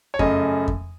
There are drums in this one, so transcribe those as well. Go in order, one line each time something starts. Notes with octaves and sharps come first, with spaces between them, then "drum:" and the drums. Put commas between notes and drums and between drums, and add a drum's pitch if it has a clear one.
C#5
F#2 C#3 A3 D#5, drum: kick F2
drum: kick F2